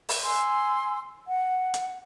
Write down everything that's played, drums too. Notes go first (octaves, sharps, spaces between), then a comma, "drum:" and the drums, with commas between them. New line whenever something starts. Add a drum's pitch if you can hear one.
drum: open hi-hat
G#5 C6 E6
F#5
drum: hi-hat